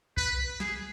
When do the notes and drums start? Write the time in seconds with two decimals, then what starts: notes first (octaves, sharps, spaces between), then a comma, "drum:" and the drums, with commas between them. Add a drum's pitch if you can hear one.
0.17 B4, drum: kick
0.60 G#4, drum: snare